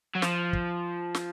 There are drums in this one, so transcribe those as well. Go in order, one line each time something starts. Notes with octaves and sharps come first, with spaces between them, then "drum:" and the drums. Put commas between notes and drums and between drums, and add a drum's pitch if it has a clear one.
F#3
F3, drum: snare
drum: kick
drum: snare